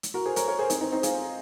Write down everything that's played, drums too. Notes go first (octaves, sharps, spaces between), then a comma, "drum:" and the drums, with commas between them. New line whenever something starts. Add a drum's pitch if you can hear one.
drum: hi-hat
F#4 A#4
G#4 C5
A#4 C#5, drum: hi-hat
A#4 C#5
G#4 C5
C4 D#4, drum: hi-hat
C4 D#4
C4 D#4
F4 G#4, drum: hi-hat